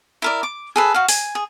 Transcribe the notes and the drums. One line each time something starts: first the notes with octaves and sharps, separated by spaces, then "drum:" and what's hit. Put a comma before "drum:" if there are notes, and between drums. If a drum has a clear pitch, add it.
E4 A#4 D5
D6
G#4 A4 B4
F#4 F5
G#5, drum: open hi-hat
G#4